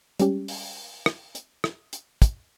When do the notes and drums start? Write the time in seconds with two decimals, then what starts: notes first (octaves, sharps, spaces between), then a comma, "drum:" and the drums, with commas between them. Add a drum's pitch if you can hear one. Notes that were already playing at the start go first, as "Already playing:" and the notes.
0.19 G3 G#3 C#4 G4, drum: hi-hat
0.48 drum: open hi-hat
1.06 drum: rim click
1.35 drum: hi-hat
1.64 drum: rim click
1.93 drum: hi-hat
2.22 drum: kick, hi-hat